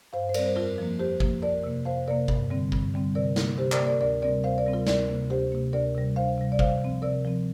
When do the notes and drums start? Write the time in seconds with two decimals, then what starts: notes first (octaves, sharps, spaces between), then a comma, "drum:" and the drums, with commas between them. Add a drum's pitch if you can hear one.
0.13 G2 C5 F5
0.29 C5
0.34 G3 C4 A#4 D5, drum: cymbal
0.46 C5
0.56 F2 F4 A#4
0.78 F3 A#3
0.99 F2 G4 C5
1.20 F3 A#3, drum: kick
1.42 F2 A#4 D5
1.64 C3 A#3
1.85 F2 C5 F5
2.08 C3 A#3 A#4 D5
2.28 G2, drum: kick
2.50 D3 G3 C4
2.72 G2, drum: kick
2.94 D3 G3 C4
3.15 C3 A#4 D5
3.36 A#3, drum: snare
3.57 C3 G4 C5
3.72 A#4 D5, drum: clap
3.80 A#3
3.86 A#4 D5
4.01 D2 A#4 D5
4.22 C3 G3 C4 A#4 D5
4.44 D2 C5 F5
4.58 A#4 D5
4.66 C3 G3 C4
4.73 F4 A#4
4.87 D2 A#4 D5, drum: snare
5.09 C3 A#3
5.30 D2 G4 C5
5.52 C3 A#3
5.73 D2 A#4 D5
5.95 C3 G3
6.16 D2 C5 F5
6.38 C3 G3
6.52 D5
6.59 C3 C5 F5, drum: kick
6.82 F3 C4
7.02 C3 A#4 D5
7.25 F3 C4